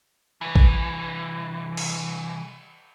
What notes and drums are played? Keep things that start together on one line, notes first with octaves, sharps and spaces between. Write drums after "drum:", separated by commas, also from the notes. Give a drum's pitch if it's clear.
C2 E3
drum: kick
drum: cymbal